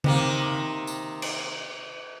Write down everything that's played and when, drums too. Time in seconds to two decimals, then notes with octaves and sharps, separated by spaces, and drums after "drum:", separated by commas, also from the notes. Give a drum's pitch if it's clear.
0.04 C3 D#3 A#3, drum: tom C#3
0.87 drum: tambourine
1.22 drum: cymbal